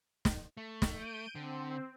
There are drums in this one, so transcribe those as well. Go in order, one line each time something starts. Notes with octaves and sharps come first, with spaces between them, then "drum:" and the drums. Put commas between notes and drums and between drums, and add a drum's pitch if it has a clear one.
drum: snare
A3
drum: snare
G6 D7 D#7
D3 C4